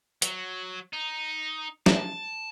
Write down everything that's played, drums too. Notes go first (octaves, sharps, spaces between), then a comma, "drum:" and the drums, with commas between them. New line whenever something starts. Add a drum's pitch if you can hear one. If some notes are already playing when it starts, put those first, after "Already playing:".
F#3, drum: hi-hat
D#4
A5, drum: snare